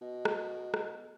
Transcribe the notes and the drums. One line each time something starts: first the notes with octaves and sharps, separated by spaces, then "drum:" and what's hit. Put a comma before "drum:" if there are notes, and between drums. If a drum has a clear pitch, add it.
B2 D#5
drum: rim click
drum: rim click